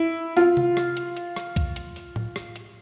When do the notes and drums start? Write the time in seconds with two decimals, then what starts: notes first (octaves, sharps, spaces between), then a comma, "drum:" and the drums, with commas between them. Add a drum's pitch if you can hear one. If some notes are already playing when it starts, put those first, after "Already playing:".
Already playing: E4
0.37 F4, drum: open hi-hat
0.57 drum: tom C3
0.77 drum: rim click
0.97 drum: hi-hat
1.17 drum: hi-hat
1.36 drum: rim click
1.56 drum: kick C2, hi-hat
1.76 drum: hi-hat
1.96 drum: open hi-hat
2.16 drum: tom A2
2.36 drum: rim click
2.56 drum: hi-hat